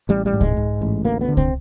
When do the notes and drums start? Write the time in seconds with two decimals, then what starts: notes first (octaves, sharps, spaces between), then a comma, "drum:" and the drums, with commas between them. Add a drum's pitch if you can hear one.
0.09 A1 G3
0.26 G3
0.33 G#2
0.41 G#3, drum: kick C2
0.57 G#2
0.81 A1
1.04 D2 A#3
1.21 B3
1.28 D3
1.37 C4, drum: kick C2